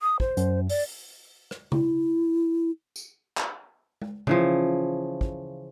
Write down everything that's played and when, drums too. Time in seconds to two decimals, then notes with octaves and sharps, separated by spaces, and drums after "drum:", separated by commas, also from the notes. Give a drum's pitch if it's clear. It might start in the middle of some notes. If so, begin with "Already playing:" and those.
0.01 D#6
0.20 C5, drum: kick
0.37 F#2, drum: hi-hat
0.69 D5, drum: open hi-hat
1.51 drum: rim click
1.72 E4, drum: tom C#3
2.96 drum: tambourine
3.37 drum: clap
4.02 drum: tom G#3
4.27 C#3 E3 F3, drum: tom C#3
5.21 drum: kick